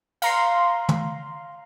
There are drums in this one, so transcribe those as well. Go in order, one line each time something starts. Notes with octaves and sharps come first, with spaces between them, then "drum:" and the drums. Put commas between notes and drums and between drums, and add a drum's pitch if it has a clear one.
F5 A#5 C6, drum: cymbal
drum: tom